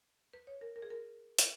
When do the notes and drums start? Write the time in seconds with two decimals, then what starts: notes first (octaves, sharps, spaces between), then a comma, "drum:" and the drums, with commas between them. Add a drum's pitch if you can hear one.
0.33 B4
0.47 C#5
0.61 A#4
0.76 A#4
0.82 G#4
0.90 A#4
1.39 drum: hi-hat